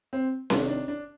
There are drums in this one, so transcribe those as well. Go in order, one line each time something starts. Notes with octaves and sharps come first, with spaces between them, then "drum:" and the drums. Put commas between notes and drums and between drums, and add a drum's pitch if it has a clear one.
C4
C3 D#3 D4, drum: snare C#4
D4
D4